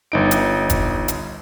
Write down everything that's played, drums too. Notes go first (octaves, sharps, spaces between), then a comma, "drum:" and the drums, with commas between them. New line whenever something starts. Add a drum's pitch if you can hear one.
G1 D#4 D7
drum: hi-hat
drum: kick, hi-hat
drum: hi-hat